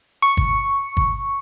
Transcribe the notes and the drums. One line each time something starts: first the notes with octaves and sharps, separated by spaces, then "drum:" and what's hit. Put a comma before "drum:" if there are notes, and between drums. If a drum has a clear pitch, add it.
C#6
drum: kick
drum: kick